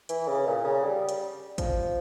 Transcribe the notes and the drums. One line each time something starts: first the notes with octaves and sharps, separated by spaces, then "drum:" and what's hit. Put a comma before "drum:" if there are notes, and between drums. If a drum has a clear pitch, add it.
E3, drum: hi-hat
C#3
A#2
C#3
G3
drum: hi-hat
F3, drum: kick G#1, hi-hat